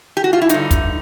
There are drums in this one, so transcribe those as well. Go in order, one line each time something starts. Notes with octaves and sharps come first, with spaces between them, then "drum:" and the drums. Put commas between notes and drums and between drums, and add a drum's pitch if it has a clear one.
G4
F#4
F4
E4
G2 D3 D#4, drum: hi-hat
drum: kick, hi-hat